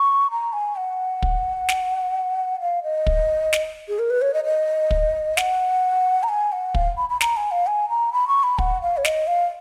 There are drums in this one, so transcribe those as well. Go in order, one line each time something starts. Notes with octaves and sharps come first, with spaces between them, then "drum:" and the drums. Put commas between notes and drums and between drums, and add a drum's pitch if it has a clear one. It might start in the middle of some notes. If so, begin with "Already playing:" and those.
Already playing: C#6
A#5
G#5
F#5
drum: kick
drum: snare
F5
D#5
drum: kick
drum: snare
G#4
A#4
B4
C#5
D#5
D#5
drum: kick
F#5, drum: snare
A#5
G#5
F#5
F5, drum: kick
B5
B5
A#5, drum: snare
G#5
F5
G#5
A#5
B5
C#6
B5
F#5, drum: kick
F5
C#5
D#5, drum: snare
F5